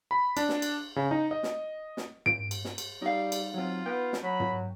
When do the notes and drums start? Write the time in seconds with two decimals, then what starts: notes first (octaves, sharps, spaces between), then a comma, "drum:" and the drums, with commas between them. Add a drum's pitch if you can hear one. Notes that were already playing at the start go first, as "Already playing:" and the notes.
0.11 B5
0.37 D4, drum: cymbal
0.49 drum: snare
0.62 drum: cymbal
0.96 C#3
1.11 D#4
1.31 D#5
1.43 drum: snare
1.97 drum: snare
2.26 D7, drum: tom
2.51 drum: cymbal
2.65 drum: snare
2.78 drum: cymbal
3.02 G3 D#4 F5
3.32 drum: cymbal
3.54 F#3 C4 F4
3.86 B3 G5
4.13 drum: snare
4.23 F#3 B5
4.40 drum: tom